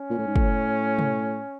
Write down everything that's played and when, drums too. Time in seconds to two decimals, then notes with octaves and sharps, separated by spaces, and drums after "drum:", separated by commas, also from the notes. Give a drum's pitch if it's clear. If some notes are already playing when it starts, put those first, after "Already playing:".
Already playing: C#4
0.10 A#2
0.18 A2
0.27 G#2
0.36 A2, drum: kick
0.99 drum: tom